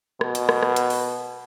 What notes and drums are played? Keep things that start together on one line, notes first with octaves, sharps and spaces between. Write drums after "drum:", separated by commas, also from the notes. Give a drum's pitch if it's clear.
B2, drum: rim click
drum: hi-hat
drum: rim click
drum: rim click
drum: hi-hat
drum: open hi-hat